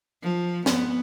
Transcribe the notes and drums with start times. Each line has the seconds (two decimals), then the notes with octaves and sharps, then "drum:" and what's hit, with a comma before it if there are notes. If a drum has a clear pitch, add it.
0.23 F3
0.66 B3, drum: snare